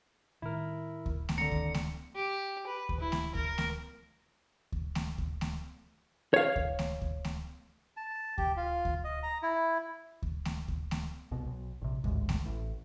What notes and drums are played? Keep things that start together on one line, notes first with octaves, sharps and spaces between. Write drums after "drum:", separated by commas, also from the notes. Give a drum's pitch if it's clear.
A2 D#3 E4 A#4
drum: kick D2
drum: snare A3
D3 D#3 A3 C4 A#5 C#7
drum: kick D2
drum: snare A3
G4
B4
drum: kick D2
E4
drum: snare A3
A#4, drum: kick D2
drum: snare A3
drum: kick D2
drum: snare A3
drum: kick D2
drum: snare A3
C#5 F5
drum: kick D2
drum: snare A3
drum: kick D2
drum: snare A3
A5
G4, drum: kick D2
F4
drum: kick D2
D#5
A#5
E4
drum: kick D2
drum: snare A3
drum: kick D2
drum: snare A3
C2 B2
B1
A#1 C3
A1 D2 G#2 G#3, drum: kick D2
drum: snare A3
A1 A2